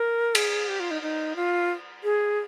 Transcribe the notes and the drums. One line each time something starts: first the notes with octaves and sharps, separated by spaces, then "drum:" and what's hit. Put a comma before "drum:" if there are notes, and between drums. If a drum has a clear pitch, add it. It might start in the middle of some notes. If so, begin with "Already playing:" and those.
Already playing: A#4
G#4, drum: cymbal
G4
F4
D#4
D#4
F4
G#4